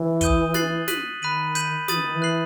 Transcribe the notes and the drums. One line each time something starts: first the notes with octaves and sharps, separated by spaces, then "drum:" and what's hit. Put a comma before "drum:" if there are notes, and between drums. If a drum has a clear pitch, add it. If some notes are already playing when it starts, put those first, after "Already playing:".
Already playing: E3
D#6 G6 D#7 G7, drum: kick, hi-hat
F#6 A6 C7 F#7, drum: snare
F#6 B6 D#7 F#7, drum: snare
D#3 B5 F#6 B6 D#7 F#7
G6 B6 D#7 F#7, drum: hi-hat
E3 D#6 A6 D#7 F#7, drum: snare
D#3
E3
F#6 C7 F#7